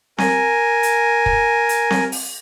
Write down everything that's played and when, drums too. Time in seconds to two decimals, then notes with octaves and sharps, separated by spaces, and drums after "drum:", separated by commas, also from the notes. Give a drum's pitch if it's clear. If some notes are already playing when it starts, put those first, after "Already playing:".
0.18 A#4 G#5, drum: snare C4
0.83 drum: hi-hat
1.26 drum: kick
1.69 drum: hi-hat
1.91 drum: snare C4
2.12 drum: open hi-hat